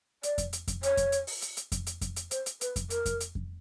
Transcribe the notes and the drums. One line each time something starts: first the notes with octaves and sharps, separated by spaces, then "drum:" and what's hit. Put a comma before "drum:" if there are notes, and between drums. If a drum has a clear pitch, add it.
D5, drum: hi-hat
drum: kick F2, hi-hat
drum: hi-hat
drum: kick F2, hi-hat
C#5, drum: hi-hat
drum: kick F2, hi-hat
drum: hi-hat
drum: open hi-hat
drum: hi-hat
drum: hi-hat
drum: kick F2, hi-hat
drum: hi-hat
drum: kick F2, hi-hat
drum: hi-hat
C5, drum: hi-hat
drum: hi-hat
B4, drum: hi-hat
drum: kick F2, hi-hat
A#4, drum: hi-hat
drum: kick F2, hi-hat
drum: hi-hat
drum: kick F2